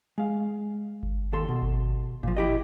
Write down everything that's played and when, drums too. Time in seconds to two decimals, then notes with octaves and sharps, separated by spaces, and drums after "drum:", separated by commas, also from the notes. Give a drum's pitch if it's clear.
0.18 G#3 F5
1.03 drum: kick G1
1.33 D#2 A4 C6
1.49 B2
1.62 drum: kick G1
2.23 A#2 F3, drum: kick G1
2.37 E4 G4 D#5